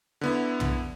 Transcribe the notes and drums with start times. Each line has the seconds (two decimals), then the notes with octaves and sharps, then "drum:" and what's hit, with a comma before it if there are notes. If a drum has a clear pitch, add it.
0.21 D3 B3 E4
0.60 drum: tom